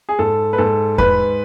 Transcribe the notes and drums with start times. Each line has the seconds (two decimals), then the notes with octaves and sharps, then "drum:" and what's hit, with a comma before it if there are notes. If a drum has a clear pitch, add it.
0.09 G#4
0.19 G#2 A4
0.53 B4
0.58 G#2 A4
0.98 G#2 B4, drum: kick E2